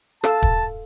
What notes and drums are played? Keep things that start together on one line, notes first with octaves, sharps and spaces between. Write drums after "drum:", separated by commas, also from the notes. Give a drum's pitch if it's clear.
A4 F5 A5 E6, drum: rim click
drum: kick